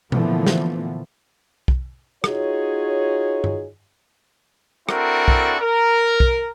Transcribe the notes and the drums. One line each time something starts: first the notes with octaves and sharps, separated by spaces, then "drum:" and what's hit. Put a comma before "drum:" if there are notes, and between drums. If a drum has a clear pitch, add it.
A#2 D3 E3 F3 A3 B3, drum: tom B2
drum: snare
drum: kick B1
D#4 F4 F#4 G#4 C#5, drum: rim click
drum: tom G2
C4 D4 E4 F#4 A4 A#4, drum: rim click
drum: kick B1
A#4
drum: kick B1